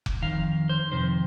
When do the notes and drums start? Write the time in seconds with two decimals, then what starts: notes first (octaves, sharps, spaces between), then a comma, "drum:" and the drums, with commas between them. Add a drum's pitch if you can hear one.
0.06 drum: kick F1
0.22 F2 C3 D#3 F5
0.69 C5
0.92 F2 C3 D#3 C5